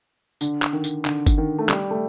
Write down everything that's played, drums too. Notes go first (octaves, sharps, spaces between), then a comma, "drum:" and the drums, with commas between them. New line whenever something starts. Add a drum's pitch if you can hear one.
D3, drum: tambourine
drum: clap
D#3
drum: tambourine
D3, drum: clap
drum: kick G1, tambourine
D#3
A3
G3, drum: clap
A3